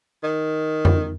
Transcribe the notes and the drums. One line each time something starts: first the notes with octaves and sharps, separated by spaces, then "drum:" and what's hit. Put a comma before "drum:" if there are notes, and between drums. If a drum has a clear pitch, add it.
D#3
drum: tom F2